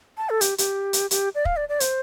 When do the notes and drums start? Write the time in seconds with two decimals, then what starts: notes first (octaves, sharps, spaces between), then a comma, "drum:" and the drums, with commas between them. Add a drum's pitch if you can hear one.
0.17 A5
0.30 A4
0.41 G4, drum: hi-hat
0.58 G4, drum: hi-hat
0.93 drum: hi-hat
1.11 G4, drum: hi-hat
1.35 D5
1.45 F5, drum: kick
1.57 D5
1.69 D5
1.80 C5, drum: hi-hat